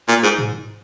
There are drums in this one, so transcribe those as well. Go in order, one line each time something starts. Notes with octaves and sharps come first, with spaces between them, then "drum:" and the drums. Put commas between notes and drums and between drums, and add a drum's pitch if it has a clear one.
A#2
G#2
drum: tom G#2